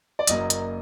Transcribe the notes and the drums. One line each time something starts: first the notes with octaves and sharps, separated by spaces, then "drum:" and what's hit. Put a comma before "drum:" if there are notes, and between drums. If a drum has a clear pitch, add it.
D5
F#1 F#2 F#3 A#3 D#5, drum: hi-hat
drum: hi-hat